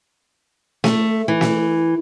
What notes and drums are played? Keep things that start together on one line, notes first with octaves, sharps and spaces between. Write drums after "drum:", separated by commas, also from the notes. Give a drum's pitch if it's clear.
A3, drum: snare
E3
drum: snare